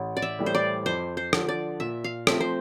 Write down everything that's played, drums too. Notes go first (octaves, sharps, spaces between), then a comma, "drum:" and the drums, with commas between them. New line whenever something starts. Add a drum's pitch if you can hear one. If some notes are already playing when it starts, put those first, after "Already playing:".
Already playing: A1
D5
E5
A2 E3 G3
C5
D5
F2 C5
C5
D3 F3, drum: rim click
D5
A#2 E5
F5
F3 A3 C4 E5, drum: rim click
C5